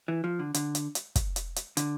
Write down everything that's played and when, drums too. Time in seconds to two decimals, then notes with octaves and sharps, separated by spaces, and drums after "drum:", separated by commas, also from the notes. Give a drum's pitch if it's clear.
0.08 E3
0.24 F3
0.39 D3
0.54 D3, drum: hi-hat
0.75 drum: hi-hat
0.95 drum: hi-hat
1.16 drum: kick, hi-hat
1.36 drum: hi-hat
1.56 drum: hi-hat
1.77 D3, drum: hi-hat